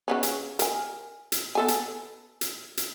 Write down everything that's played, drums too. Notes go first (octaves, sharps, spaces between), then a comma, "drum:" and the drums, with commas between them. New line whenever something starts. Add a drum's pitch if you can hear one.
C#3 B3 C#4
drum: hi-hat
A#4 G#5, drum: hi-hat
drum: hi-hat
B3 A4 G#5
drum: hi-hat
drum: hi-hat
drum: hi-hat